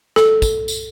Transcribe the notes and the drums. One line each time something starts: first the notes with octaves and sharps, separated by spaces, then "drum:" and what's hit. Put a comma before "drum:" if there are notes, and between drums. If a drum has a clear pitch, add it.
A4, drum: snare
drum: kick, tambourine
drum: tambourine